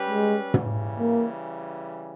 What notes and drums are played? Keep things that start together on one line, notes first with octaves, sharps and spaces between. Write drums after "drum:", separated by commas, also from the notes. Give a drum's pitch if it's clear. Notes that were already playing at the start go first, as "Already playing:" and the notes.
Already playing: G3 C#4 G4 B4
G#3
C#3 E3 G3, drum: tom
A#3